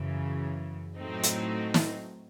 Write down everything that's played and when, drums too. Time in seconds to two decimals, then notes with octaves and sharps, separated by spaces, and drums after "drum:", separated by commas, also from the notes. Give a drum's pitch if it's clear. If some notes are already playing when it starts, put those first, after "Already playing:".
Already playing: F#2 C#3 E3
0.98 A2 F#3 A3 C4 D#4
1.23 drum: hi-hat
1.74 drum: snare